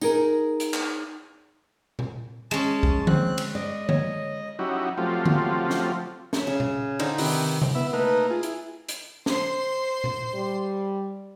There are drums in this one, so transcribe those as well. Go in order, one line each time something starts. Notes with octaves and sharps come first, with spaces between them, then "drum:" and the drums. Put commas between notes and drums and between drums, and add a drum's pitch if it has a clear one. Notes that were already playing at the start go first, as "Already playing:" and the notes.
D#4 G#4 A#4, drum: tambourine
drum: hi-hat
drum: clap
drum: tom A#2
G#3 C#4 A5
drum: kick
C4 F#6, drum: tom D3
drum: cymbal
D5 D#5
C#5, drum: tom D3
F#3 C#4 D#4 E4 F#4 G4
F3 F#3 A3 C4 F4 G4
drum: tom D3
drum: snare
C#5 E5, drum: snare
C#3
drum: tom A#2
D3 D#4 C5, drum: cymbal
C3 D#3 B4 F#5, drum: open hi-hat
drum: tom C3
B3 E4 E5
A3 A#3 D#4 B4
F4 G#4
E4, drum: hi-hat
drum: hi-hat
C5 C6, drum: snare
drum: tom A#2
G3